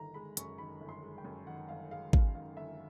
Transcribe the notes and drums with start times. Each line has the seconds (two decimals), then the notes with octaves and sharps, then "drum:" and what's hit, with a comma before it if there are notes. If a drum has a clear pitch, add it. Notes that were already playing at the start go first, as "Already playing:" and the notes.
Already playing: G1 D#3 A#5
0.14 G#3 B5
0.37 F#2 C#6, drum: hi-hat
0.58 D#3 B5
0.81 G1
0.89 C6
1.03 G#3
1.18 G5
1.24 F#2
1.47 D#3 F#5
1.69 G1 F5
1.91 G#3 F5
2.13 F#2 F5, drum: kick G#1
2.35 D#3 F5
2.57 G1 E5